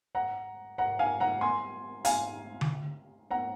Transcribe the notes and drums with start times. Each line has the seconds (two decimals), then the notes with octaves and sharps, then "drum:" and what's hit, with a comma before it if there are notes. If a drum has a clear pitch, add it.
0.15 F#5 A#5
0.78 F#5 A#5
0.99 F5 G#5
1.20 F#5 A#5
1.41 G#5 C6
2.05 F5 G#5, drum: hi-hat
2.61 drum: tom D3
3.31 F#5 A#5